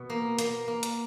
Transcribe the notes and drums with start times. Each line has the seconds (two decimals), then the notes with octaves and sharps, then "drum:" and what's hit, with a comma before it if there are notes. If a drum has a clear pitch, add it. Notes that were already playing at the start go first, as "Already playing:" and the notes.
Already playing: B2
0.10 A#3
0.39 A#3, drum: hi-hat
0.68 A#3
0.83 drum: hi-hat